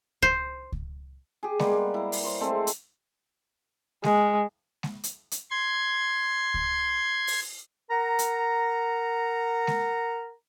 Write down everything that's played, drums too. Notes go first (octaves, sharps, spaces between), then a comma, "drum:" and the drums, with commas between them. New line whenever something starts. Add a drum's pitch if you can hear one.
C5, drum: kick C#2
drum: kick C#2
G4 G#4
G3 G#3 A#3 B3, drum: snare G#3
E4 A#4
drum: open hi-hat
C5 C#5
G#3 A3 C4
drum: hi-hat
G#3, drum: snare G#3
drum: snare G#3
drum: hi-hat
drum: hi-hat
C6 G#6
drum: kick C#2
drum: open hi-hat
A#4 F#5 A#5
drum: hi-hat
drum: snare G#3